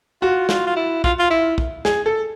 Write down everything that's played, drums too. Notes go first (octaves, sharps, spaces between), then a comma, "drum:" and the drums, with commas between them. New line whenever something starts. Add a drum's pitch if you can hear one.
F4 F#4
F4, drum: snare
F4
E4
F4, drum: kick
F4
E4
drum: kick
G#4, drum: snare
A4